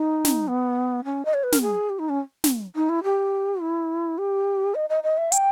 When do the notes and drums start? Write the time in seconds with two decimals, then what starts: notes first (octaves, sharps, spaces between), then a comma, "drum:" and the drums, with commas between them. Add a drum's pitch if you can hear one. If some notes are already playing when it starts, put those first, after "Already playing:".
Already playing: D#4
0.25 drum: snare
0.48 B3
1.04 C#4
1.25 D#5
1.34 C#5
1.43 B4
1.52 A#4, drum: snare
1.61 G#4
1.90 G4
1.99 D#4
2.09 C#4
2.44 drum: snare
2.76 D#4
2.89 E4
3.04 G4
3.61 E4
4.18 G4
4.75 D#5
4.89 D#5
5.03 D#5
5.18 E5
5.32 G5, drum: hi-hat